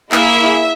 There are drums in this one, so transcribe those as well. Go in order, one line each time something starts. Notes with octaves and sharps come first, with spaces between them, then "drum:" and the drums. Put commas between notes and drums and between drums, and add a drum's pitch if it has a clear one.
A#3 E4 G#4 E5, drum: clap